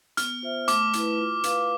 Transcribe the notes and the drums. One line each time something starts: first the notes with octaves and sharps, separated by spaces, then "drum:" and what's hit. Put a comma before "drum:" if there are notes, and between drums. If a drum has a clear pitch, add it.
B3 F6, drum: hi-hat
F4 C5 E5
A3 D6, drum: hi-hat
E4 B4, drum: hi-hat
F4
B4 F5, drum: hi-hat